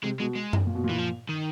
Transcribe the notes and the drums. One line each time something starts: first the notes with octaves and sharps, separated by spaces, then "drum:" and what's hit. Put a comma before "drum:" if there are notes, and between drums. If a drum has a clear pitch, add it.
C3 G#3
B2 G#3
G#3
drum: tom F#2
A#2
B2
A#2
E3
F3
D#3